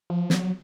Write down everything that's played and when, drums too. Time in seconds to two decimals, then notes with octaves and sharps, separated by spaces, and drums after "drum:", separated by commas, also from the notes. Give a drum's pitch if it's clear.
0.10 F3
0.30 F#3, drum: snare